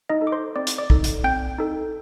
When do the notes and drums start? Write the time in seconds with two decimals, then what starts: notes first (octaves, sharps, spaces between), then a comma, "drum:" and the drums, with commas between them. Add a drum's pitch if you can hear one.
0.09 D#4 D#5
0.21 D#4 A4
0.27 D6
0.32 C5 C6
0.56 C4 D5 D6
0.67 drum: hi-hat
0.78 D5 D6
0.90 D#4 A4, drum: kick
1.04 drum: hi-hat
1.24 C4 G5 G6
1.58 D#4 A4